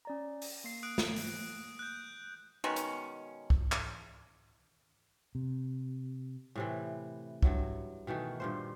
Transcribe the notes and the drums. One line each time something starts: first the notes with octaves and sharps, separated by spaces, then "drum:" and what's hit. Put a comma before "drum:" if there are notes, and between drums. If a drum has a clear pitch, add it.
C#4 D5 A#5
drum: open hi-hat
A#3 C7
D#6 F#6 D7
drum: snare
drum: open hi-hat
F#6 G6
B2 D#3 G#3 C#4
drum: hi-hat
drum: kick
drum: clap
C3
A2 C3 E3
G2 F#3 E4, drum: kick
B2 D#3 E3 A3
G2 A#2 C5